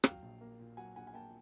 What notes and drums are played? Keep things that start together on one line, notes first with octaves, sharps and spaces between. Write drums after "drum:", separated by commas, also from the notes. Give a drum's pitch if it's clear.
F#3 F5 G5, drum: rim click
A#1
A#3
A#2
F#3 F#5 G#5
A#1 F#5 G#5
G#5
A#3 G5 A5